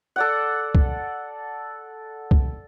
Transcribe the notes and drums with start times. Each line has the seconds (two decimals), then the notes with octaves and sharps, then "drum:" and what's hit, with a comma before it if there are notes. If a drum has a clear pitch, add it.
0.16 A4 D5 F#5
0.75 drum: kick
2.31 drum: kick